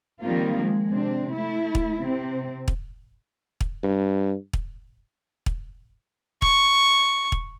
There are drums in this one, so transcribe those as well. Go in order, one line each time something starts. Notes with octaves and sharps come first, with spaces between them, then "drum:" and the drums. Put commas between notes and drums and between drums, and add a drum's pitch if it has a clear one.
D#3 F3 G3 A#3 C4 F4
G#3
C3 C4 D4
A3 E4
drum: kick
C3 C4
drum: kick
drum: kick
G2
drum: kick
drum: kick
C#6, drum: kick
drum: kick